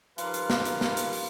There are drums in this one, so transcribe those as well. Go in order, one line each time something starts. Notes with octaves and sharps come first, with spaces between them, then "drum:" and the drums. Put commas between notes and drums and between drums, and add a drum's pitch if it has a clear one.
D#3 F3 G3 F4 A#4 B4, drum: hi-hat
drum: hi-hat
drum: snare
drum: hi-hat
drum: snare
drum: hi-hat
drum: open hi-hat